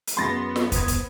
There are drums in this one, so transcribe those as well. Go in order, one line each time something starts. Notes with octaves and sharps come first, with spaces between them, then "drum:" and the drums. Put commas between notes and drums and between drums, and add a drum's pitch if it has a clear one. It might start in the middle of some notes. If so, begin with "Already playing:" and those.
drum: hi-hat
F#2 B3 G#4 C6 A6 A#6
drum: snare
C5 D#6 G#6, drum: kick, hi-hat
drum: kick, hi-hat